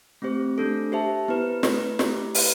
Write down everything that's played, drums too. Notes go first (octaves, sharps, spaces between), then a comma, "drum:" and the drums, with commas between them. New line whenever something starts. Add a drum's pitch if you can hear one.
A3 C4 G4 C5
A3 D4 A4
G4 C5 E5 A5
B3 E4 B4
A3 E4 B4, drum: snare
A3 E4 G4, drum: snare
E4 B4 F5, drum: open hi-hat